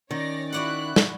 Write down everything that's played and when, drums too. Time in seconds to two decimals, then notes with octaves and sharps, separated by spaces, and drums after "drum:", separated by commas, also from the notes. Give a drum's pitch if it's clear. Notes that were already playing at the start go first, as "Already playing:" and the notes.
0.11 D#3 C#4 C#5 D5 A#6
0.52 E4 F#4 D5 F#5 F#6
0.96 drum: snare